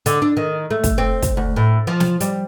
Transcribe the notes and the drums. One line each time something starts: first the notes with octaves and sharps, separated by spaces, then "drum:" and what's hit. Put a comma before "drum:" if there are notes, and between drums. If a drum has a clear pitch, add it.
D3, drum: hi-hat
D4
D#3
A3
drum: kick, hi-hat
C4
drum: kick, hi-hat
D2
A2
F3
drum: snare
G3, drum: hi-hat